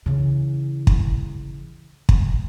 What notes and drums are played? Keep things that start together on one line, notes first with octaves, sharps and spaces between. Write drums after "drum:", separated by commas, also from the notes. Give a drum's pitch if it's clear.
C#3 E3
drum: kick
drum: kick